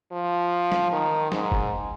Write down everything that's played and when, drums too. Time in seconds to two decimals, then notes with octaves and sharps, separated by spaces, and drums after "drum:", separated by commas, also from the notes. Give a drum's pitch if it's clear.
0.12 F3
0.72 drum: snare
0.92 D#3
1.32 G#2, drum: snare
1.52 drum: kick